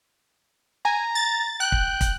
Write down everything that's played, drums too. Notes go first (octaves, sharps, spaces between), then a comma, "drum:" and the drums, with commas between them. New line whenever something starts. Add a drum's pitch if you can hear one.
G#5 A#5
A6
G5 F#6
drum: kick
drum: kick, hi-hat